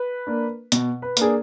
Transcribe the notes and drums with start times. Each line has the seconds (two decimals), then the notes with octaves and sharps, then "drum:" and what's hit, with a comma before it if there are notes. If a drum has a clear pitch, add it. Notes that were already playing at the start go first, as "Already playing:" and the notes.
Already playing: B4
0.27 A#3 D4
0.72 B2, drum: hi-hat
1.02 B4
1.17 A#3 D4 G#4, drum: hi-hat